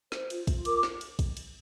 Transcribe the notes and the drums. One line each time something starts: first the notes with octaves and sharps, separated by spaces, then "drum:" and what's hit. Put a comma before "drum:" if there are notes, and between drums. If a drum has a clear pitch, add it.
C5, drum: snare
F4, drum: cymbal
F4, drum: kick, cymbal
A#4 D6, drum: cymbal
drum: snare
drum: cymbal
drum: kick, cymbal
drum: cymbal